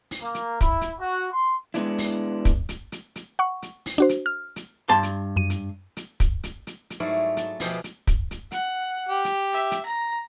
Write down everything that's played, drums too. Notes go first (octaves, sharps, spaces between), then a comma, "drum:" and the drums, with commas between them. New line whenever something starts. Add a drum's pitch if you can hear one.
drum: open hi-hat
A#3
drum: hi-hat
E4, drum: kick, hi-hat
drum: hi-hat
F#4
C6
G#3 B3 D4 E4, drum: hi-hat
drum: open hi-hat
drum: kick, hi-hat
drum: hi-hat
drum: hi-hat
drum: hi-hat
F#5 C#6
drum: hi-hat
drum: open hi-hat
D4 F#4 C5
drum: hi-hat
F6
drum: hi-hat
G2 A5 C6
drum: hi-hat
F#2 D#7
drum: hi-hat
drum: hi-hat
drum: kick, hi-hat
drum: hi-hat
drum: hi-hat
drum: hi-hat
G#2 F#3 A3 E4 D5 F5
A5, drum: hi-hat
B2 F3 G4 G#4 B4 E5, drum: open hi-hat
drum: hi-hat
drum: kick, hi-hat
drum: hi-hat
F#5, drum: hi-hat
G4
drum: hi-hat
E5
drum: hi-hat
A#5